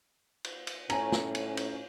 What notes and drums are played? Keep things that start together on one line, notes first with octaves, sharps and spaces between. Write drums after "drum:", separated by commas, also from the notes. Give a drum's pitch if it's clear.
drum: cymbal
drum: cymbal
A2 C#4 G#5 A#5, drum: cymbal
drum: snare
drum: cymbal
drum: cymbal